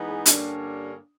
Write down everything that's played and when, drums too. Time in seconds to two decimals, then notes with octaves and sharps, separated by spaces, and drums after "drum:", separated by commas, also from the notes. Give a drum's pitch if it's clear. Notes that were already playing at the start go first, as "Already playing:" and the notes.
Already playing: E3 G#3 B3 D#4
0.09 G#4
0.26 G2 D3 G3 A#3 C#4 D4, drum: hi-hat